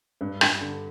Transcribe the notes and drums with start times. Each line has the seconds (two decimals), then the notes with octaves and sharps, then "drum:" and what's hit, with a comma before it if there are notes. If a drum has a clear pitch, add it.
0.21 G2
0.41 G2, drum: rim click
0.61 D3